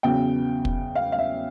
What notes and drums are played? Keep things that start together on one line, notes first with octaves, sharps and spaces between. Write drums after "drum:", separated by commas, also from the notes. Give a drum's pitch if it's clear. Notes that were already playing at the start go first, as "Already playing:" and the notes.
E2 C#3 F#3 B3 G5
drum: kick
F5
F5
E5